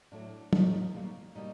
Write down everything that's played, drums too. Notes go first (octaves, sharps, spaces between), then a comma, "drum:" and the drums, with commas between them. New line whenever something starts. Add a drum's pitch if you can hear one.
A2 F#3 A3 D4
A2 F#3 A3 D#4, drum: tom
B2 G3 A#3
B2 G3 A#3 D#4